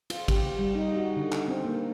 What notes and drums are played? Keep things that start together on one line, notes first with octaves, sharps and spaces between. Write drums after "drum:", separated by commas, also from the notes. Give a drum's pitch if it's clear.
F4, drum: cymbal
G4, drum: kick G#1, cymbal
G3
D#4
F#4
D3
drum: clap
C4
A#3